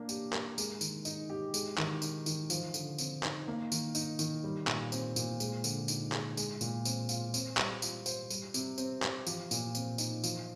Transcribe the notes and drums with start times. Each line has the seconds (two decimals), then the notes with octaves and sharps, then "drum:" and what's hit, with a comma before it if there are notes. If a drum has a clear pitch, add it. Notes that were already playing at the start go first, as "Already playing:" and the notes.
Already playing: A#3 D4
0.09 G4, drum: tambourine
0.33 A#4, drum: clap
0.58 G#3, drum: tambourine
0.81 D#3, drum: tambourine
1.05 D#4, drum: tambourine
1.30 G4
1.54 G#3, drum: tambourine
1.78 D#3, drum: clap
2.02 D#4, drum: tambourine
2.26 D#3, drum: tambourine
2.50 F3, drum: tambourine
2.74 D3, drum: tambourine
2.98 C4, drum: tambourine
3.23 D#4, drum: clap
3.48 A#3
3.72 D#3, drum: tambourine
3.95 D#4, drum: tambourine
4.19 D#3, drum: tambourine
4.44 G3
4.67 A#2, drum: clap
4.92 C4, drum: tambourine
5.16 A#2, drum: tambourine
5.40 G#3, drum: tambourine
5.64 D3, drum: tambourine
5.88 D#4, drum: tambourine
6.12 G#4, drum: clap
6.37 G#3, drum: tambourine
6.61 A#2, drum: tambourine
6.85 C4, drum: tambourine
7.09 F4, drum: tambourine
7.34 C4, drum: tambourine
7.57 G3, drum: clap
7.82 F4, drum: tambourine
8.06 C5, drum: tambourine
8.30 G3, drum: tambourine
8.54 C3, drum: tambourine
8.78 C4, drum: tambourine
9.03 G4, drum: clap
9.27 F3, drum: tambourine
9.51 A#2, drum: tambourine
9.75 C4, drum: tambourine
9.98 D#4, drum: tambourine
10.24 F3, drum: tambourine